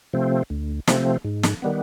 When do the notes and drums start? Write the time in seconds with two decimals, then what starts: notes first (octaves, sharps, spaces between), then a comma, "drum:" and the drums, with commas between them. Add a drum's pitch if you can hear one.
0.13 C3 F3 A3 C4
0.50 D2
0.87 C3 F3 A3 C4, drum: snare
1.25 G#2
1.43 drum: snare
1.62 D#3 G3 B3